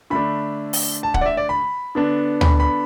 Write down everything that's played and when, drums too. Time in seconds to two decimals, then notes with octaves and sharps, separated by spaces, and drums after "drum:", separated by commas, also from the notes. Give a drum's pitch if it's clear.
0.10 D3 A3 D4 B5
0.73 drum: open hi-hat
1.03 A5
1.14 F#5, drum: kick C#1
1.21 D5
1.26 E5
1.37 D5
1.49 B5
1.95 D3 B3 D4
2.41 B5, drum: tom
2.60 B5